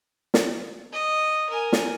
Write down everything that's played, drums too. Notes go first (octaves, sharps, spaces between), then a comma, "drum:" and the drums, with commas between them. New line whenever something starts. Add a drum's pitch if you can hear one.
drum: snare
D#5
A#4 G#5
drum: snare